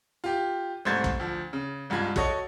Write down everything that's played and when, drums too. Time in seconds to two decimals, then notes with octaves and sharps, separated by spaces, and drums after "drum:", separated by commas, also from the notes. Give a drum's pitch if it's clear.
0.24 F4 G4
0.85 C2 G#2 A3 C5 G#6 A6
1.04 drum: kick
1.19 D2 F3
1.53 C#3
1.90 C2 G2 G#3 F4 G#6
2.16 F#4 A4 C#5 D#5, drum: kick